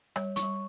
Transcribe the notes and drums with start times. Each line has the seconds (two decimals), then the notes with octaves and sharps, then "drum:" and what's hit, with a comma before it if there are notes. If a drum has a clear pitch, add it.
0.16 G3 C#5, drum: rim click
0.36 C#6, drum: hi-hat
0.43 G3